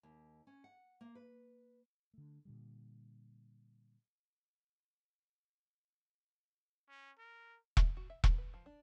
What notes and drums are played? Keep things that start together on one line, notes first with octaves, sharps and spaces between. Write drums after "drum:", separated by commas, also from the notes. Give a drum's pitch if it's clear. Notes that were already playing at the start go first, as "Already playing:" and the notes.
D#2
C#4
F#5
A#3
B4
D3 A3
A#2 D3 G3
C#4
A#4
E5, drum: kick E1
F#4
E5
B4, drum: kick E1
B4
F3
D4